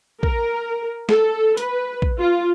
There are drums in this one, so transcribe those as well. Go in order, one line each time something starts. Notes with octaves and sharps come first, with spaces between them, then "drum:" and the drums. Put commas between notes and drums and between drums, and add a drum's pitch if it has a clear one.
A#4, drum: kick
A4, drum: snare
B4, drum: hi-hat
drum: kick
F4